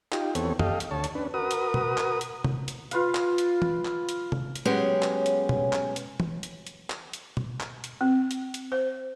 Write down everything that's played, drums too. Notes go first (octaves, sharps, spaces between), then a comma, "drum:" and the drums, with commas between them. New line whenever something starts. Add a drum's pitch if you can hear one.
D#4 F4 G4, drum: clap
E2 B3 C4 A4 C#5, drum: hi-hat
G4 A4 D#5 F5, drum: tom F#2
drum: hi-hat
D2 C#5 A5
drum: hi-hat
C#4 D4 B4
F#4 A#4 B4 D#6
drum: hi-hat
drum: tom
drum: clap
drum: hi-hat
drum: tom C3
drum: hi-hat
F4 B4 F5, drum: hi-hat
drum: clap
drum: hi-hat
drum: tom
drum: clap
drum: hi-hat
drum: tom C3
drum: hi-hat
F#3 G#3 B3 C#4 G4 G#4
drum: clap
drum: hi-hat
drum: tom
drum: clap
drum: hi-hat
drum: tom
drum: hi-hat
drum: hi-hat
drum: clap
drum: hi-hat
drum: tom
drum: clap
drum: hi-hat
C4
drum: hi-hat
drum: hi-hat
C5